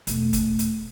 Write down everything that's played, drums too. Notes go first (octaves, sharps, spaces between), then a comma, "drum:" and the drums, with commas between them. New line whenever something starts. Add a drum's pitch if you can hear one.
E1 A3, drum: hi-hat
drum: kick G1, hi-hat
drum: hi-hat